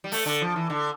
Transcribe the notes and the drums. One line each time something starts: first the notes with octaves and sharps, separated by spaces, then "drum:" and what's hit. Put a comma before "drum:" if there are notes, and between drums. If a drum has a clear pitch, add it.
G3
A3, drum: open hi-hat
D3
F3
E3
D3